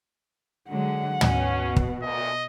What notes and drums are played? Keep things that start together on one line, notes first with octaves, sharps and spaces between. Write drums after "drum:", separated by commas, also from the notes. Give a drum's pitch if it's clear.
D3 F#3 G#3 F#5
B2 C#4, drum: tom
drum: kick
D2 A#2 D#5